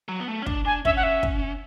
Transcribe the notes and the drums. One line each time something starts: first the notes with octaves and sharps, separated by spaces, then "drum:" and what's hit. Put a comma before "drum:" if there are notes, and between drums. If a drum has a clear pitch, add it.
F#3
B3
A3
C#4
D4, drum: kick
D4 G#5
C#4 E5, drum: kick
F#5
E5
drum: kick